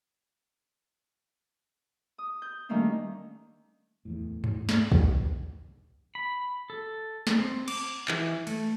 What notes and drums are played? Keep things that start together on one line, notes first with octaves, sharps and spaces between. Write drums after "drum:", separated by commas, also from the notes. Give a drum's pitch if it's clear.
D#6
G6
D#3 G3 A3 A#3 C#4 D4
D1 E2 A2
drum: tom G2
drum: snare
B2 D#3, drum: kick
B5
A4
drum: snare
C4
D6, drum: cymbal
E3, drum: clap
A3, drum: cymbal